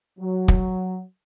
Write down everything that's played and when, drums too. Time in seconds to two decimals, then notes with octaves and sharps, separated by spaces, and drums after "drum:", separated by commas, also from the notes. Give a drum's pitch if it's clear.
0.19 F#3
0.48 drum: kick